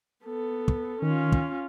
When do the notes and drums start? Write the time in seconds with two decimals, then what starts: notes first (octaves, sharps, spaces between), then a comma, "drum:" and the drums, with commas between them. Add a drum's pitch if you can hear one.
0.25 B3 A4
0.68 drum: kick
1.02 D#3 C#4 F4
1.32 drum: kick